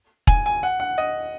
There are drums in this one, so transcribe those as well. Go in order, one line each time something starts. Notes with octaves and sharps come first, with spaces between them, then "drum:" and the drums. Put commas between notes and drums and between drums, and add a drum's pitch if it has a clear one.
G#5, drum: kick E1
G#5
F#5
F#5
D#5